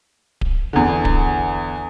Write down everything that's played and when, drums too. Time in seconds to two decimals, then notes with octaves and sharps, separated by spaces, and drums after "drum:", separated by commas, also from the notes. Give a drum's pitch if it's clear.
0.41 drum: kick D1
0.73 E2 D3
1.05 drum: kick D1